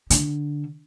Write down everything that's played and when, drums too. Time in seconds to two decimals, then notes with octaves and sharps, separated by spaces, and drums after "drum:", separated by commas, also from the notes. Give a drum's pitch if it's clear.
0.10 D3, drum: hi-hat